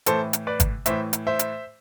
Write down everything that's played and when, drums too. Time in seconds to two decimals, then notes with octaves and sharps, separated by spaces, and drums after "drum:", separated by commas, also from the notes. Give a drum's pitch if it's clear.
0.06 A2 E3 A4 C5, drum: hi-hat
0.33 drum: hi-hat
0.47 B4 D5
0.60 drum: kick G1, hi-hat
0.86 A2 E3 C5 E5, drum: hi-hat
1.13 drum: hi-hat
1.27 C5 E5
1.39 drum: hi-hat